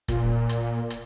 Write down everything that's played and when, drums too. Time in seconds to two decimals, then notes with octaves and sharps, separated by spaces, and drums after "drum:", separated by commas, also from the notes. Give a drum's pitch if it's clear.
0.08 A#2, drum: kick, hi-hat
0.49 drum: hi-hat
0.90 drum: hi-hat